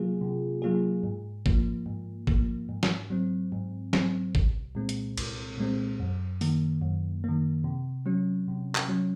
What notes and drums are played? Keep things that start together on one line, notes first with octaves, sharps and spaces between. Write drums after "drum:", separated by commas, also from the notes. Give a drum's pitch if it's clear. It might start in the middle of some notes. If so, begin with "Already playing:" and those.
Already playing: C3 F#3 A#3 F4 G#4
C3
F#3 A#3 F4 G#4
G#2
F3 A#3, drum: kick
G#2
F3 A#3, drum: kick
G#2
drum: snare
F#3 C4
G#2
F#3 C4, drum: snare
C2, drum: kick
A#2 G#3 C4
drum: hi-hat
C2, drum: cymbal
A#2 G#3 C4
F#2
D#3 A#3, drum: open hi-hat
F#2
D#3 A#3
C3
F#3 C#4
C3
drum: clap
F#3 C#4